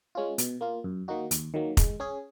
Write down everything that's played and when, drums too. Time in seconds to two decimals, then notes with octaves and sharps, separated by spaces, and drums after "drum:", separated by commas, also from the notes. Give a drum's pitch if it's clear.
0.15 G#3 C#4 F4
0.38 B2, drum: hi-hat
0.61 A#3 F4
0.84 F#2
1.08 D#3 A#3 D#4 F#4
1.31 D#2, drum: hi-hat
1.54 D#3 F#3 A#3
1.77 G#3, drum: kick F1, hi-hat
2.00 C#4 G#4